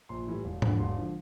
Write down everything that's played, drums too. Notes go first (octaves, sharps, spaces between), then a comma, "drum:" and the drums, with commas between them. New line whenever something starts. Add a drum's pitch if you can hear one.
A#1 C6
A2 E3 G3
E1
E2 D3 F3, drum: tom G#2
E1 C6
D3 F3